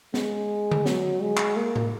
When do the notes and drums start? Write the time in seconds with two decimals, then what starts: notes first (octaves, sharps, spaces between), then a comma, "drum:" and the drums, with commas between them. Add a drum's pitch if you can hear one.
0.14 G#3, drum: snare
0.71 drum: tom D3
0.86 F#3, drum: snare
1.21 G#3
1.37 drum: clap
1.56 A#3
1.76 drum: tom A2